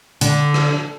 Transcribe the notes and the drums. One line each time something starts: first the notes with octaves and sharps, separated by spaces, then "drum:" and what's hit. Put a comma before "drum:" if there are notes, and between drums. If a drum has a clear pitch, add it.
D3, drum: hi-hat
drum: rim click